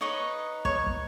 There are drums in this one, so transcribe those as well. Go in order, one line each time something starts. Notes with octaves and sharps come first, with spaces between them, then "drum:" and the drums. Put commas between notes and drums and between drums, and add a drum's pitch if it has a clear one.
D#4 B4 C#5 D#5 C#6
C#5 C#6, drum: kick
drum: kick